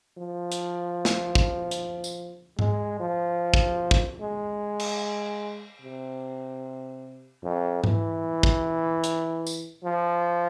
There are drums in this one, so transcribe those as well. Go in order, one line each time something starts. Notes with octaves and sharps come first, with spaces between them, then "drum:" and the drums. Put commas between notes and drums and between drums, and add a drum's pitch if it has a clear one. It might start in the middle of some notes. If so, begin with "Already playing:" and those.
F3
drum: hi-hat
drum: snare
drum: kick
drum: hi-hat
drum: tambourine
G#3, drum: tom G#2
F3
drum: kick
drum: kick
G#3
drum: cymbal
C3
F2
E3, drum: tom G#2
drum: kick
drum: hi-hat
drum: tambourine
F3